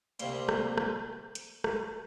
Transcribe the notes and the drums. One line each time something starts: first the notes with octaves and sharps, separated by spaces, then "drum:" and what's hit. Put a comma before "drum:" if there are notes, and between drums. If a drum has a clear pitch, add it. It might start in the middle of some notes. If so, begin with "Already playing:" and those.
C2 C3 G3 A#3, drum: hi-hat
drum: rim click
drum: rim click
drum: hi-hat
drum: rim click